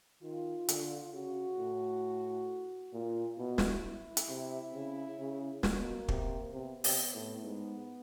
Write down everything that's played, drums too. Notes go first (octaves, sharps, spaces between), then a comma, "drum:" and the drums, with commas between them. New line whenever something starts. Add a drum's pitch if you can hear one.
D#3 F4
D3, drum: hi-hat
C#3 F#4
A2
A#2 F4
B2 E4
drum: snare
E4
drum: hi-hat
C3
C#3
C#3
B2 A#3, drum: snare
C3, drum: kick
C3 B3
C3, drum: open hi-hat
A2
G#2